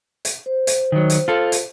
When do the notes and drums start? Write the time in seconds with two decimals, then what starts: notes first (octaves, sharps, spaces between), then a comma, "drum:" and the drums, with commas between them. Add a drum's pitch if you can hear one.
0.25 drum: hi-hat
0.46 C5
0.67 drum: hi-hat
0.92 D#3 F#3
1.10 drum: hi-hat
1.28 F4 A4
1.52 drum: hi-hat